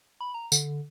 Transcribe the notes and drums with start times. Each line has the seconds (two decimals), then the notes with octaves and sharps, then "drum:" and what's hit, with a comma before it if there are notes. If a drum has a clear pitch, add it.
0.21 B5
0.34 A#5
0.52 D3, drum: tambourine